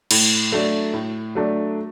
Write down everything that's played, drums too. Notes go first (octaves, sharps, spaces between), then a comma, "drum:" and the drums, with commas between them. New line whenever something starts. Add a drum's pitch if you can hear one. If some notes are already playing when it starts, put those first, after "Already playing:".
A2, drum: cymbal
F#3 A3 D4
A2
F#3 A3 D4